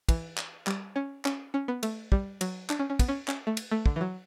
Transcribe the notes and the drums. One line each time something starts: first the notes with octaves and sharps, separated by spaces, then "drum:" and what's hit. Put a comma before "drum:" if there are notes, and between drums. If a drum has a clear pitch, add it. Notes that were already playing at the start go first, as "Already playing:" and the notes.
E3, drum: kick, cymbal
drum: clap
G3, drum: clap
C#4
C#4, drum: clap
C#4
B3
A3, drum: cymbal
G3, drum: kick
F#3, drum: cymbal
D4, drum: clap
C#4
C#4
B3, drum: kick, cymbal
C#4
C#4, drum: clap
A3
drum: cymbal
A3
D3, drum: kick
E3
F#3